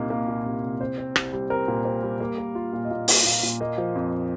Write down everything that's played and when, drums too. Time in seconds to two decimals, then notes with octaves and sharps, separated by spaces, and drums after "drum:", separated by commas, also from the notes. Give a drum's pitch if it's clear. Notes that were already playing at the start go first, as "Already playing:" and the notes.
Already playing: C2 A#2 A#3 D#4
0.10 A#3 F5
0.28 A#2
0.46 C2
0.63 C2
0.80 C4 C5
0.98 C4
1.16 C2, drum: rim click
1.33 G3
1.50 C4 A#4
1.68 A#2
1.85 C4
2.03 G3
2.20 A#3
2.38 A#3
2.55 F4
2.73 A#2
2.85 D#5
2.91 A#2 F5
3.08 A#2, drum: open hi-hat
3.25 A#2 F5
3.43 A#2
3.60 A#3 D#5
3.78 F3
3.95 F2